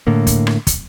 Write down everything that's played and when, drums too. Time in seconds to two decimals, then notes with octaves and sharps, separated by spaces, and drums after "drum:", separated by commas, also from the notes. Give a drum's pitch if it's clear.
0.07 A2 D3 A#3
0.27 drum: kick, hi-hat
0.47 drum: rim click
0.67 drum: kick, hi-hat